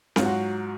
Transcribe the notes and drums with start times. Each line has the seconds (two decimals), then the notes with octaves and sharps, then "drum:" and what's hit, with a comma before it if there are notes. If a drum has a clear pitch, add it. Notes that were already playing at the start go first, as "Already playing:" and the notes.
0.16 G#2 F#3 F4, drum: snare C4
0.26 F#4